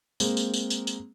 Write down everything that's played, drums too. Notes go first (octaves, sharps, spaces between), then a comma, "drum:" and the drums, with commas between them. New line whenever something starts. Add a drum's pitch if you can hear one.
G#3 A#3 C4, drum: tambourine
drum: tambourine
drum: tambourine
drum: tambourine
drum: tambourine